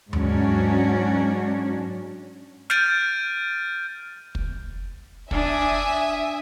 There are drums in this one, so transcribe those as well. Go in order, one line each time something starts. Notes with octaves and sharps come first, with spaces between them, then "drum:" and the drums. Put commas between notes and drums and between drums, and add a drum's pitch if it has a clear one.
G#2 F#3 C#4 D4 F#4, drum: tom D#2
F6 G6 A6 D7 D#7, drum: snare
drum: kick
D4 E5 G#5 D#6, drum: kick